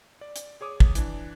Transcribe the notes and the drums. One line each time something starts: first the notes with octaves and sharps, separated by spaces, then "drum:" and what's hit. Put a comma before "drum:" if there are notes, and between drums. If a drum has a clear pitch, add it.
D5
drum: hi-hat
G#4 C#5 D6 D#6
drum: kick
E3 D4, drum: hi-hat